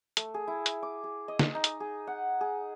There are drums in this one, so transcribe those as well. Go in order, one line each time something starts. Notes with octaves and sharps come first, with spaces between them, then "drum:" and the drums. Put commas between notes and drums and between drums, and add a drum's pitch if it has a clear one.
A3, drum: hi-hat
G#4
E4
drum: hi-hat
D6
G#4
D#5
drum: snare
D#4
drum: hi-hat
G#4
F#5
G#4